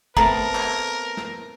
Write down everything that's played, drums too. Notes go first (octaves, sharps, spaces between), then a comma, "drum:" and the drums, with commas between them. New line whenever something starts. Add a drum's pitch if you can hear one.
A3 B3 C4 A#4 A#5, drum: kick
drum: clap
drum: snare